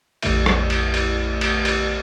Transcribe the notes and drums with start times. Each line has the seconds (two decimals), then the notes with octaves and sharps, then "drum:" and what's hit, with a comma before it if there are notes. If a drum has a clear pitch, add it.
0.22 A#1 F2 D3 A3 E4 E5, drum: cymbal
0.46 drum: rim click
0.70 drum: cymbal
0.94 drum: cymbal
1.41 drum: cymbal
1.65 drum: cymbal